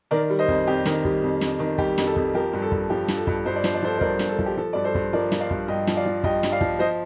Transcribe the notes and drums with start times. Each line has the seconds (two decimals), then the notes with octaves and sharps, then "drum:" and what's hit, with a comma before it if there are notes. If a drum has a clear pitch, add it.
0.11 D#3 A#4 D5
0.30 G3
0.39 C5 D#5
0.48 F2, drum: kick
0.67 F2 G4
0.86 D#3, drum: snare
1.05 G3, drum: kick
1.23 F2
1.41 F2, drum: snare
1.59 D#3
1.78 G3 G4, drum: kick
1.98 F2, drum: snare
2.07 A4
2.16 F2, drum: kick
2.34 F3 G4 A#4
2.53 G2
2.62 A4
2.72 G2, drum: kick
2.90 F3 G4
3.08 F3, drum: snare
3.17 A4
3.27 G2, drum: kick
3.46 G2 C5
3.56 D5
3.64 F3 C5, drum: snare
3.75 D5
3.82 F3 A4 C5
3.97 C5
4.01 G2 A#4 D5, drum: kick
4.19 G2, drum: snare
4.29 A4
4.39 F3, drum: kick
4.46 G4
4.57 F3 A4
4.73 G2 D5
4.84 A4 C5
4.95 G2, drum: kick
5.13 F3 A#4 D5
5.32 F3, drum: snare
5.40 D5 F5
5.50 G2, drum: kick
5.68 G2 D#5 G5
5.87 F3, drum: snare
5.97 D5 F5
6.05 F3
6.23 G2 D#5 G5, drum: kick
6.43 G2, drum: snare
6.52 D5 F5
6.61 F3, drum: kick
6.79 F3 C5 D#5